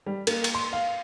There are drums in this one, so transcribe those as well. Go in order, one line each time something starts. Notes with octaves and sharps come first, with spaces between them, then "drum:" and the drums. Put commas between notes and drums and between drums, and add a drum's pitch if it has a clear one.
G3
A#3, drum: cymbal
drum: cymbal
C6
F5